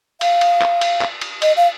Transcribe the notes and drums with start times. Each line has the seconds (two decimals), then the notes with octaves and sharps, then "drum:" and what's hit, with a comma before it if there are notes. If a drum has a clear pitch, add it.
0.21 F5, drum: cymbal
0.41 drum: cymbal
0.61 drum: clap
0.81 drum: cymbal
1.01 drum: clap
1.21 drum: cymbal
1.42 D#5, drum: cymbal
1.57 F5